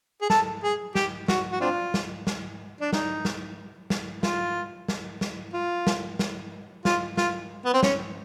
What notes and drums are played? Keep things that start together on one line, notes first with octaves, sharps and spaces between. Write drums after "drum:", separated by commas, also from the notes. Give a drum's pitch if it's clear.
G#4
A4, drum: snare
G#4
G4, drum: snare
F#4, drum: snare
F#4
C4 D4 F4
drum: snare
drum: snare
D4
D#4, drum: snare
drum: snare
drum: snare
F4, drum: snare
drum: snare
drum: snare
F4
drum: snare
drum: snare
F4, drum: snare
F4, drum: snare
B3
C4
C#4, drum: snare